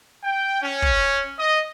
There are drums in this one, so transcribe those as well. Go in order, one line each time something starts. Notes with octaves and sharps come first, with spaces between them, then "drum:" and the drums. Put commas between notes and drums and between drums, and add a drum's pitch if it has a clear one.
G5
C#4
drum: kick
D#5